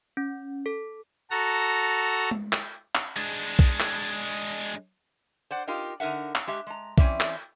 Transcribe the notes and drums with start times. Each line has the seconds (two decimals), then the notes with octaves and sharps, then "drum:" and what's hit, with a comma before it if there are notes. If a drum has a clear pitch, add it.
0.17 C#4
0.66 A4
1.31 F#4 A4 A#5
2.31 drum: tom G#3
2.53 drum: clap
2.95 drum: clap
3.16 G#3 D4
3.59 drum: kick B1
3.80 drum: clap
5.51 C5 D5 F#5
5.67 D#4 F4 G4 A#4 D#5
6.00 D3 D#4 A#4 E5 F#5
6.35 drum: clap
6.47 G#3 G4 E5
6.67 G#3 A#5
6.98 E3 C4 C#4 D5 E5, drum: kick B1
7.20 drum: clap